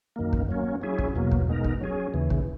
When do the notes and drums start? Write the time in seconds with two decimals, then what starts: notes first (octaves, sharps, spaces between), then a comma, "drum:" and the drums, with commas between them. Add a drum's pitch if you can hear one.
0.16 F#2 D#3 A#3
0.33 drum: kick
0.49 F#3 A#3 C#4
0.82 F#3 C#4 E4 G#4
0.99 drum: kick
1.15 E2 B2 F#3 A#3
1.31 drum: kick
1.47 B2 G#3 B3 D#4 A#4
1.64 drum: kick
1.81 F#3 C#4 G#4
2.14 D#2 C#3 E3
2.30 drum: kick